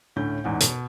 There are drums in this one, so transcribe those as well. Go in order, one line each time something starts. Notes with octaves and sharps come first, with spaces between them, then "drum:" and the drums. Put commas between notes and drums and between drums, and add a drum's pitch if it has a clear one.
D2 A2 C#4 G6
A1 E2 G#2 F#5
B2, drum: hi-hat